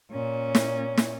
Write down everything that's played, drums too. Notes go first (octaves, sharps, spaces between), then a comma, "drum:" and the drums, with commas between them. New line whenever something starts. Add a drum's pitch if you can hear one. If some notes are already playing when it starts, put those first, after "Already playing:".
A#2 C#4
drum: snare
drum: snare